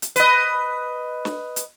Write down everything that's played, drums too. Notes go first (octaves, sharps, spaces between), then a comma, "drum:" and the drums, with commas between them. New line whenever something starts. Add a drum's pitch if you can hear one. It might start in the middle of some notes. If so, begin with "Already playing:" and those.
drum: hi-hat
B4 D#5, drum: hi-hat
drum: snare
drum: hi-hat